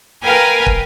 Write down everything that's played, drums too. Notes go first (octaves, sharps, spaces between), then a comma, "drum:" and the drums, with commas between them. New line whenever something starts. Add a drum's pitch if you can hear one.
A#4 B4 F5 G5 G#5
drum: kick